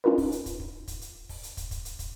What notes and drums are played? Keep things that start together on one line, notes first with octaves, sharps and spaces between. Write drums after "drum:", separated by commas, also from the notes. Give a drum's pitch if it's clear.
C#4 D#4 F4 A#4 B4
drum: kick, open hi-hat
drum: hi-hat
drum: kick, hi-hat
drum: kick
drum: kick, hi-hat
drum: hi-hat
drum: kick, open hi-hat
drum: hi-hat
drum: kick, hi-hat
drum: kick, hi-hat
drum: hi-hat
drum: kick, hi-hat